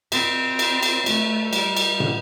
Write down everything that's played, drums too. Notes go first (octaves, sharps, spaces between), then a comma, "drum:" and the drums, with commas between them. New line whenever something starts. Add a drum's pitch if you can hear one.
C4, drum: cymbal
drum: cymbal
drum: cymbal
A3, drum: cymbal
G3, drum: cymbal
drum: cymbal
drum: tom